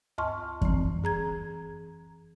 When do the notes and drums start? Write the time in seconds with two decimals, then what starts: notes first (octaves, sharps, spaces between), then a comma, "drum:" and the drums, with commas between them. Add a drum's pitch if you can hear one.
0.18 D2 G2 A5 C6 C#6 F6
0.62 E3 C4, drum: kick F#2
1.04 G#4 A#5 G#6